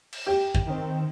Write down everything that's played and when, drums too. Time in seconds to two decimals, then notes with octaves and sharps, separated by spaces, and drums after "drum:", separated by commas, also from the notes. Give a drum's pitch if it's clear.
0.13 drum: cymbal
0.26 G4
0.55 drum: kick
0.66 D#3 C4